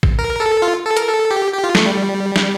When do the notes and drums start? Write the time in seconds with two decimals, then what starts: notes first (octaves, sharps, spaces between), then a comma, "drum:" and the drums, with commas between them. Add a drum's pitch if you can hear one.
0.03 drum: kick A1
0.19 A#4
0.40 A4
0.62 F4
0.85 A4
0.97 A#4, drum: hi-hat
1.08 A4
1.31 G4
1.53 G4
1.64 F4
1.75 A3, drum: snare
1.86 G3
2.36 drum: snare